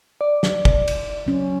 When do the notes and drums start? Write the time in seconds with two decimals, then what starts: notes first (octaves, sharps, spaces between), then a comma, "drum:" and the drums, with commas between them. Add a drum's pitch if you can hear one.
0.21 D5
0.43 drum: snare
0.65 drum: kick
0.88 drum: cymbal
1.26 F#3 C#4